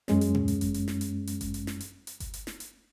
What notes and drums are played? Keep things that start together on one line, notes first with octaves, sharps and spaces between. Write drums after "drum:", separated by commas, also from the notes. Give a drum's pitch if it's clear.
F#2 G#3 C#4, drum: snare
drum: hi-hat
drum: tom A#2
drum: hi-hat
drum: kick G1, hi-hat
drum: hi-hat
drum: snare
drum: hi-hat
drum: hi-hat
drum: kick G1, hi-hat
drum: hi-hat
drum: snare
drum: hi-hat
drum: hi-hat
drum: kick G1, hi-hat
drum: hi-hat
drum: snare
drum: hi-hat